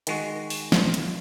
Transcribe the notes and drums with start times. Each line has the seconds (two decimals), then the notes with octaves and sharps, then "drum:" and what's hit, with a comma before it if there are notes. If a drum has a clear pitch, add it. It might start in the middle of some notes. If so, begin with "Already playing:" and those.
0.07 D#3 G#3 F#4, drum: hi-hat
0.50 drum: open hi-hat
0.72 drum: snare
0.94 drum: hi-hat